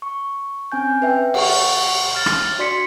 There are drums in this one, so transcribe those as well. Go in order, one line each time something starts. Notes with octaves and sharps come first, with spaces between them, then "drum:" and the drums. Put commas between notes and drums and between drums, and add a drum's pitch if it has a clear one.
C#6
C4 C#4 G#5 G6
B4 E5 G5
F#5 C#6, drum: cymbal
F6 A6
drum: rim click
D4 F#4 D5 C6 B6 C#7